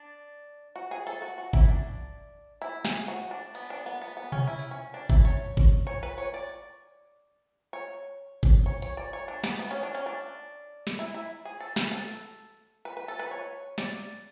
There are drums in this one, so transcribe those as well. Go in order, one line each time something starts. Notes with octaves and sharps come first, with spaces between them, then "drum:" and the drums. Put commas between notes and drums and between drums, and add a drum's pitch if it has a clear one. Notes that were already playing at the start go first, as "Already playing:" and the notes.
Already playing: D4
F#4
G#4
A4
F#4
F#4
E4, drum: kick G1
D4
E4
G#4, drum: snare
F#4
D4
B3, drum: cymbal
D4
B3
B3
B3
C#4, drum: tom B2
E4
drum: open hi-hat
C#4
D4
E4, drum: kick G1
C#5
drum: kick G1
C#5
B4
C#5
D5
C#5
drum: kick G1
C#5
C#5, drum: hi-hat
D5
C#5
D4
B3, drum: snare
B3
C#4, drum: hi-hat
D4
C#4
D4
drum: snare
E4
E4
G#4
A4
B4, drum: snare
A4
drum: hi-hat
B4
B4
A4
B4
C#5
D5, drum: snare